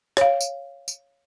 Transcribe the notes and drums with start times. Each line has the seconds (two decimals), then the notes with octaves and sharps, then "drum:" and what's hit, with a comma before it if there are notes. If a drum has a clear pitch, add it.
0.17 C#5 F5, drum: rim click
0.41 drum: tambourine
0.88 drum: tambourine